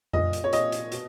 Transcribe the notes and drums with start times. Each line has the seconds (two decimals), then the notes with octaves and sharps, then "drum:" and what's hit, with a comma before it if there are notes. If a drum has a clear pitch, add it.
0.13 A#2 D#5, drum: tom F2
0.33 drum: hi-hat
0.44 C#5
0.52 A#2 D#5, drum: hi-hat
0.72 drum: hi-hat
0.92 B2, drum: hi-hat